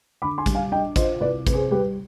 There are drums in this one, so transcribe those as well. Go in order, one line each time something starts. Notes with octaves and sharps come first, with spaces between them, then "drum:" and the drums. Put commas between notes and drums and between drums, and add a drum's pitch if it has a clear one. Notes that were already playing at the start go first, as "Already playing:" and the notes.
D3 B5 D6
G#5 C6
G3, drum: kick A1, hi-hat
F5 G#5
D4 D#5 G5
F4 C5 D#5, drum: kick A1, hi-hat
C2 B4 D5
C3 B4, drum: kick A1, hi-hat
G#4 C5
G3 G4 B4